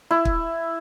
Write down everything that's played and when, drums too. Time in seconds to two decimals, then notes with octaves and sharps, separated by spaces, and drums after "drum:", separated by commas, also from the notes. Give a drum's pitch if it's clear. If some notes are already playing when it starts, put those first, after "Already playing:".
0.11 E4
0.25 drum: kick